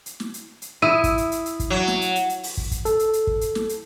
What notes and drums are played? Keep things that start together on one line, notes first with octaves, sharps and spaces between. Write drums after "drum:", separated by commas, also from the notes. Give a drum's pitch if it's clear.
drum: hi-hat
drum: snare
drum: hi-hat
drum: hi-hat
E4 D#6 E6 D#7
drum: kick, hi-hat
drum: hi-hat
drum: hi-hat
drum: hi-hat
drum: kick, hi-hat
F#3
drum: snare
drum: hi-hat
drum: hi-hat
drum: hi-hat
drum: open hi-hat
drum: kick
drum: kick, hi-hat
A4, drum: hi-hat
drum: hi-hat
drum: hi-hat
drum: kick
drum: hi-hat
drum: snare
drum: hi-hat